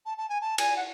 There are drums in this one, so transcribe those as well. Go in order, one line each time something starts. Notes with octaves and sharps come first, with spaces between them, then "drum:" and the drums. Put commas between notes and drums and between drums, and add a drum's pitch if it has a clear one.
A5
A5
G#5
A5
G#5, drum: cymbal
F#5